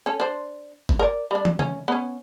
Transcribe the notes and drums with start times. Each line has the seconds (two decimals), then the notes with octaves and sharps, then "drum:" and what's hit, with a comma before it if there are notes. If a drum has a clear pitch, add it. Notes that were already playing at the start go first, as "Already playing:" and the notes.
0.06 C#4 A4
0.20 D4 C5
0.89 drum: kick F#1
0.99 A#4 D5
1.31 G3 D4
1.45 drum: tom
1.59 C#4, drum: tom
1.88 B3 C#4